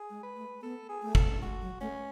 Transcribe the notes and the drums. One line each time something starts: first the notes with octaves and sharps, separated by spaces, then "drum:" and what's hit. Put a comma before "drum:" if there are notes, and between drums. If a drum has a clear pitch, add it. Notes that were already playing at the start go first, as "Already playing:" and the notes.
Already playing: G#4
G#3
B4
A3
B3 A4
G#4
A3
A4, drum: kick
G#3 F#4
F#3
A3 C#4